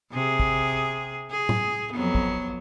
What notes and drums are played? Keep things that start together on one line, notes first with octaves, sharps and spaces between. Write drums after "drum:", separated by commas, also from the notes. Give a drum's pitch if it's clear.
C3 G#4
drum: kick
G#4
drum: tom A2
F2 F#3 B3
drum: kick